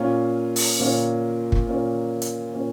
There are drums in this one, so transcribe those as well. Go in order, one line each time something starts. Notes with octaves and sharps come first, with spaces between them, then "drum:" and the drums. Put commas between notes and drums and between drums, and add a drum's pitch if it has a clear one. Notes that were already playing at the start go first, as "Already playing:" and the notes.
Already playing: A#2 A#3 C#4 F4
drum: open hi-hat
A#2 A#3 C#4 F4
drum: kick
A#2 A#3 C#4 F4
drum: hi-hat
A#2 A#3 C#4 F4